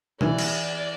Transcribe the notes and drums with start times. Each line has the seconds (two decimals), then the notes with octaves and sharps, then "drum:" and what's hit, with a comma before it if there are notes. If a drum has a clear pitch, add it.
0.21 E3 D5, drum: tom
0.38 drum: cymbal